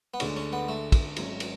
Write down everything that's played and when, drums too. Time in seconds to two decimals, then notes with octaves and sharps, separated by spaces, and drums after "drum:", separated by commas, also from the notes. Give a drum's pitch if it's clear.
0.14 B3
0.20 D2 D3 G#3 C#4 D4, drum: cymbal
0.36 C#4
0.53 B3
0.69 A3
0.92 drum: kick, cymbal
1.17 G#1 G#2 F#3 C#4, drum: cymbal
1.40 drum: cymbal